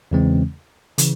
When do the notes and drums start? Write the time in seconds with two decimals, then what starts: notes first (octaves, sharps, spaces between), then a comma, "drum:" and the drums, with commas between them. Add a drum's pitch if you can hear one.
0.11 E2 C#3 E3 G#3 C4
0.98 C#3 E3, drum: hi-hat